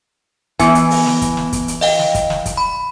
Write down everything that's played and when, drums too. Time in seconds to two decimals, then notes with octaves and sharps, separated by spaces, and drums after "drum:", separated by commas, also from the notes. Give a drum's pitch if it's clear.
0.59 E3 B3 G#5, drum: kick, hi-hat
0.75 drum: hi-hat
0.90 drum: open hi-hat
1.06 drum: snare
1.22 drum: kick, hi-hat
1.37 drum: snare
1.53 drum: kick, hi-hat
1.68 drum: hi-hat
1.81 D#5 F5 G5, drum: open hi-hat
1.99 drum: snare
2.15 drum: kick, hi-hat
2.30 drum: snare
2.46 drum: kick, hi-hat
2.57 B5